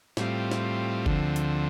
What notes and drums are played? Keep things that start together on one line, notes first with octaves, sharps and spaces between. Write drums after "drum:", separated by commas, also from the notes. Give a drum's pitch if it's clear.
A2 G3 C4 F4, drum: snare
drum: snare
D2 D3 F3 C4, drum: kick F#1
drum: hi-hat